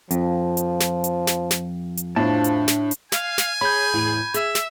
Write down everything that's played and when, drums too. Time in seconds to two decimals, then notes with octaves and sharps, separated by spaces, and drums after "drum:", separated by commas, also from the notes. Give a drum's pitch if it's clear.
0.11 F2 F3, drum: hi-hat
0.57 drum: hi-hat
0.80 drum: snare
1.04 drum: hi-hat
1.27 drum: snare
1.51 drum: snare
1.97 drum: hi-hat
2.16 A2 F3 D4 A5
2.44 drum: hi-hat
2.68 drum: snare
2.91 drum: hi-hat
3.12 F5 G#5, drum: snare
3.38 drum: snare
3.61 G#4 C#5 B5 G6
3.94 E2 A2 E4
4.34 G#4 E5, drum: hi-hat
4.55 drum: snare